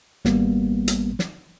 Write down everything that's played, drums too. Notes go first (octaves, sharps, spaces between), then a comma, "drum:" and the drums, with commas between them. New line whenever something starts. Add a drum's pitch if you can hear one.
G#1 G3 A#3 B3, drum: snare
drum: hi-hat
drum: snare